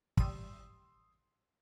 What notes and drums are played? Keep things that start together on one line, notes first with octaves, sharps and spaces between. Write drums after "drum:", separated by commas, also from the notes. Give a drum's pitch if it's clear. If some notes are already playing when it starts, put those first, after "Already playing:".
G3 C6 D#6 E6 D#7, drum: kick